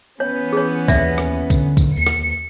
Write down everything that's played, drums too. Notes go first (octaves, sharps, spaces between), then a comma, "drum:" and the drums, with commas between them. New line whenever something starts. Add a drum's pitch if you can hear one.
E3 B3 C#4 C#5
G#4 C#5
D#2 D5 E5, drum: kick, tambourine
drum: rim click
D3, drum: kick, tambourine
drum: kick, tambourine
D#2 C#7
drum: rim click